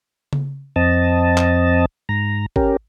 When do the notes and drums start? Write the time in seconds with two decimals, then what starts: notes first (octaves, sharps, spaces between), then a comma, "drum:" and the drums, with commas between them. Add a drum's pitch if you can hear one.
0.33 drum: tom C#3
0.76 F2 C4 D#5 A5
1.37 drum: clap
2.09 G#2 A#5
2.56 C#4 G4 A#4, drum: kick G#1